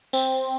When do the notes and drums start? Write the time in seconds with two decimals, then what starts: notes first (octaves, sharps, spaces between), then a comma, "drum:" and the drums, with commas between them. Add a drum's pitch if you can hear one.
0.13 C4, drum: tambourine